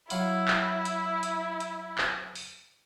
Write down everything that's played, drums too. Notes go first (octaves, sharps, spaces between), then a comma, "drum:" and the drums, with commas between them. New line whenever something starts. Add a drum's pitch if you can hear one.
F#3 E4 F5 B5, drum: hi-hat
drum: clap
drum: hi-hat
drum: hi-hat
drum: hi-hat
drum: clap
drum: open hi-hat